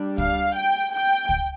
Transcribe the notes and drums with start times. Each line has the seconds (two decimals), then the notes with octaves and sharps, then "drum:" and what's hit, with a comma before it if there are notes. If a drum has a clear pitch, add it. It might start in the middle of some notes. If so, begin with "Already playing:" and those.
Already playing: G3 D4
0.18 F5, drum: kick
0.55 G5
0.92 G5
1.29 drum: kick